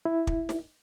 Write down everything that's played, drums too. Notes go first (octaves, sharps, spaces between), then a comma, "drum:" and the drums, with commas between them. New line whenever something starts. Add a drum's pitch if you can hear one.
E4
drum: kick
drum: snare